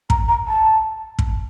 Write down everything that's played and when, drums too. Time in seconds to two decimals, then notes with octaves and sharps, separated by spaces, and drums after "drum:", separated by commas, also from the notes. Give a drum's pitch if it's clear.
0.10 A#5, drum: kick
0.28 A#5
0.48 A5
1.19 drum: kick